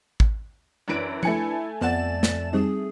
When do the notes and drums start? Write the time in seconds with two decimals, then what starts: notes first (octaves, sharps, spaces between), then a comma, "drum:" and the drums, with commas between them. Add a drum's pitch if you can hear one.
0.20 drum: kick G#1
0.88 F#2 E3 D4 B4 D7
1.23 A3 E4 G#5 C#7, drum: tom F3
1.81 F2 B3 D5 F#5 A5 E7
2.23 drum: snare
2.53 G3 C4 D#4 G#4